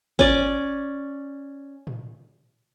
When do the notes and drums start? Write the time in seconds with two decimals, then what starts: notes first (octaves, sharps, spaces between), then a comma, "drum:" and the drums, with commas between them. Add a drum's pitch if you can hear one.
0.19 C#4 D5, drum: kick
1.87 drum: tom A2